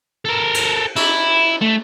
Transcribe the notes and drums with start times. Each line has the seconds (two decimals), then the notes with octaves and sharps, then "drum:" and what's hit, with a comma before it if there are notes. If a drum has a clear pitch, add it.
0.25 A4 A#4
0.54 drum: cymbal
0.96 E4, drum: cymbal
1.62 A3